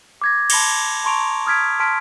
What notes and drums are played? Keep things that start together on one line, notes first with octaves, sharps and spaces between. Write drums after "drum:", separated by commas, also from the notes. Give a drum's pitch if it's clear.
D6 G#6 A#6
A5 B5 C6 A#6 C#7 G7, drum: cymbal
A5 A#5 C6 C#6 D7 F7
D#6 F6 G#6 B6 D7
A5 C6 F6 B6 D7